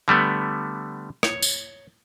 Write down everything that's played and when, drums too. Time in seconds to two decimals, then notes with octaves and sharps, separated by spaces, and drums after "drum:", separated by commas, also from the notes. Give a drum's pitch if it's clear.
0.08 D3 G3 A3 B3
1.23 C#5, drum: rim click
1.42 drum: tambourine